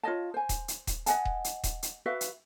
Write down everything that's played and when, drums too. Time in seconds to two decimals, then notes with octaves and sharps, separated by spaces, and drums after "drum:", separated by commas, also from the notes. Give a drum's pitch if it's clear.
0.03 F4 C#5 D#5 A5
0.34 C5 G#5
0.49 drum: kick D#1, hi-hat
0.68 drum: hi-hat
0.87 drum: kick D#1, hi-hat
1.06 D#5 F#5 G#5 A5, drum: hi-hat
1.25 drum: kick D#1
1.44 drum: hi-hat
1.63 drum: kick D#1, hi-hat
1.83 drum: hi-hat
2.06 F#4 B4 E5 F5
2.21 drum: hi-hat